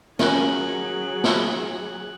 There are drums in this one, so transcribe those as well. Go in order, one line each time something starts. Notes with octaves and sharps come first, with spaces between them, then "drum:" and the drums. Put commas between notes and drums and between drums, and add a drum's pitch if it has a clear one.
F#3 C#4 G#4 A#4 F#6 F#7 G7, drum: snare
drum: snare